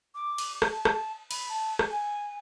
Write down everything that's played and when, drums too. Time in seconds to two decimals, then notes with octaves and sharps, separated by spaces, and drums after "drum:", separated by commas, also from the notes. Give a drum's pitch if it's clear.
0.15 D6
0.38 drum: cymbal
0.62 drum: rim click
0.73 A5
0.85 drum: rim click
1.31 B5, drum: cymbal
1.49 A5
1.79 drum: rim click
1.91 G#5